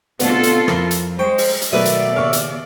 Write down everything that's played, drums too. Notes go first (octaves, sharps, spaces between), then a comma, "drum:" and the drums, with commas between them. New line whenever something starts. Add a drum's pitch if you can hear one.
B2 D3 A3 C4 F4 A4, drum: hi-hat
drum: hi-hat
F2 E4 A#4 G7, drum: rim click
drum: hi-hat
G#3 C5 G5 C#6
drum: open hi-hat
drum: hi-hat
B2 D#3 F#3 A3 B4 D5 E5 D#6
drum: hi-hat
D#2 C#3 C#6 E6 F6
drum: hi-hat